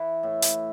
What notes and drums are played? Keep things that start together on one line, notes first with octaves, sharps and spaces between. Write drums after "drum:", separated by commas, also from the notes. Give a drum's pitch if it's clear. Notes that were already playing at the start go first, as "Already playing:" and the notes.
Already playing: E3
A2
drum: hi-hat